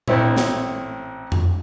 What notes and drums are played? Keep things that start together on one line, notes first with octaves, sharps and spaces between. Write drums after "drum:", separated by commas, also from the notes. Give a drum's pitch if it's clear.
A1 C4 E4 C#5, drum: tom A#2
drum: snare
drum: tom F2